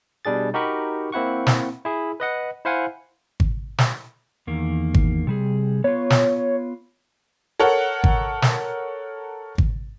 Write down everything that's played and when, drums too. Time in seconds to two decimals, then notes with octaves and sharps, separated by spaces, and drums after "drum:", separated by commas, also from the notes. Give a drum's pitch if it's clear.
0.25 B2 G3 D4 G#4 A6
0.54 D#4 F#4 G4 A#4 B5 C#6
1.12 A#3 C4 E4 F#5 C#6
1.47 drum: snare
1.85 E4 G#4
2.20 B4 D#5 F#5
2.65 E4 C5 F5 F#5 G#5
3.40 drum: kick G#1
3.78 drum: snare
4.47 E2 D#3 A#3
4.94 drum: kick G#1
5.27 C3 G3 G#4
5.84 B3 F4 C#5
6.10 drum: snare
7.60 A4 A#4 C#5 F#5
8.04 drum: kick G#1
8.42 drum: snare
9.58 drum: kick G#1